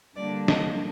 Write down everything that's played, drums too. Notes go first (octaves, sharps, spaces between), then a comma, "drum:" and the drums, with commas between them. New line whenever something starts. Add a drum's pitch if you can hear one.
D3 G3 A#3 D4 D5
D#5, drum: snare